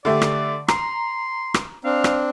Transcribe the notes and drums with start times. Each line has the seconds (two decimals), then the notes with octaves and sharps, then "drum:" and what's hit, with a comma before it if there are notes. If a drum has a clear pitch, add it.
0.05 D3 A3 G4 D5
0.22 drum: rim click
0.68 A#5 C6, drum: rim click
1.54 drum: rim click
1.84 C4 D4 F5
2.04 drum: rim click